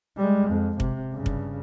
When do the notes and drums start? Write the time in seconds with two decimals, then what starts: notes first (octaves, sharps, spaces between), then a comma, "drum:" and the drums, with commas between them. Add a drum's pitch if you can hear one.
0.17 G3 G#3
0.51 F2
0.80 C3, drum: kick
1.13 G2 C#3
1.26 drum: kick